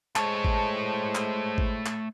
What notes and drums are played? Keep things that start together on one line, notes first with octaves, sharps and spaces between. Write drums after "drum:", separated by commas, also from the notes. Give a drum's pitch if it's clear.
G#3 A3 C5 C#5 A5, drum: clap
drum: kick G#1
drum: clap
drum: kick G#1
drum: clap